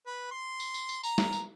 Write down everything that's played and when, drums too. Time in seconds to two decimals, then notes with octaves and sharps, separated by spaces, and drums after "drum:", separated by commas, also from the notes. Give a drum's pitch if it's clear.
0.06 B4
0.31 C6
0.60 drum: tambourine
0.74 drum: tambourine
0.89 drum: tambourine
1.03 A#5, drum: tambourine
1.18 drum: snare
1.33 drum: tambourine